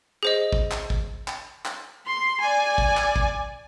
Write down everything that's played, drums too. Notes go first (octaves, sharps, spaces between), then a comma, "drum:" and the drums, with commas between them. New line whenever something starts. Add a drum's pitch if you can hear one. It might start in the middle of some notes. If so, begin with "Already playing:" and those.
G#4 C5 D#5
drum: kick G#1
drum: clap
drum: kick G#1
drum: clap
drum: clap
C6
D5 G#5
drum: kick G#1
drum: clap
drum: kick G#1